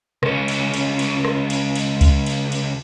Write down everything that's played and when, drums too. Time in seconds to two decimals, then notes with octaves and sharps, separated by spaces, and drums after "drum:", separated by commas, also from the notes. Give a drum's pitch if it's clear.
0.23 C#2 C#4, drum: rim click
0.48 drum: cymbal
0.74 drum: cymbal
0.99 drum: cymbal
1.25 drum: rim click
1.50 drum: cymbal
1.75 drum: cymbal
2.01 drum: kick C#2, cymbal
2.26 drum: cymbal
2.52 drum: cymbal